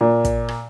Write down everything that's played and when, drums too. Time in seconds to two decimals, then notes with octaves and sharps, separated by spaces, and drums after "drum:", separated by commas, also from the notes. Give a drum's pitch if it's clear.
0.01 A#2
0.25 drum: kick, hi-hat
0.48 drum: rim click